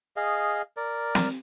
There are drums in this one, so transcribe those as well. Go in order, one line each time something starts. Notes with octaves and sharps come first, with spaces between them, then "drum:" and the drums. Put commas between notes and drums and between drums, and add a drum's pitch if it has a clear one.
G#4 D#5 F5
A#4 D5
drum: snare